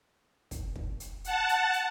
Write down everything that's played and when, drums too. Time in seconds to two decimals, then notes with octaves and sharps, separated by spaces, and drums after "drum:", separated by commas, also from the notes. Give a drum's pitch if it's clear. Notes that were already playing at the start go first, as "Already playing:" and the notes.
0.51 drum: kick, hi-hat
0.76 drum: kick
1.00 drum: hi-hat
1.24 F#5 A5, drum: hi-hat
1.49 drum: hi-hat
1.73 drum: hi-hat